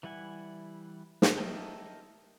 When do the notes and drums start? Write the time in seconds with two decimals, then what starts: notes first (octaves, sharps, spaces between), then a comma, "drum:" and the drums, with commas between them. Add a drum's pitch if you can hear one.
0.03 E3 G3 E4 F#5 G#5
1.22 drum: snare
1.38 G4 A4 A#4 D#5 E5